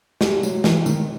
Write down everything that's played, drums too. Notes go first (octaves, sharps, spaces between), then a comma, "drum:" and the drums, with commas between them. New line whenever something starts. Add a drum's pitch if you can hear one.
G3, drum: snare
F#3, drum: tambourine
E3, drum: snare
D#3, drum: tambourine